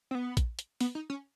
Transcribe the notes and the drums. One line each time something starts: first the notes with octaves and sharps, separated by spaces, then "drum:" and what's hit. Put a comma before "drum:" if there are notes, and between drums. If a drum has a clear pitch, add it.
C4
B3
drum: kick A#1, hi-hat
drum: hi-hat
B3, drum: open hi-hat
D#4
C#4